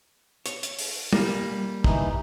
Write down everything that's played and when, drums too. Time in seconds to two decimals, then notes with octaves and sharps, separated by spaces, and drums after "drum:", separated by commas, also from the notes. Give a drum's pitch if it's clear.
0.46 C#5, drum: hi-hat
0.63 drum: hi-hat
0.79 drum: open hi-hat
1.13 G3 A#3, drum: tom
1.84 E3 D#4, drum: kick